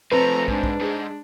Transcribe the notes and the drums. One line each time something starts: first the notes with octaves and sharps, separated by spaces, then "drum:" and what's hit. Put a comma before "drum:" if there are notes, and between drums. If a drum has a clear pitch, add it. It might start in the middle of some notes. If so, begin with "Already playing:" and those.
F3 A3 C4 B4 A5 A#5
G#2 D4, drum: kick
drum: kick
G#2 G#3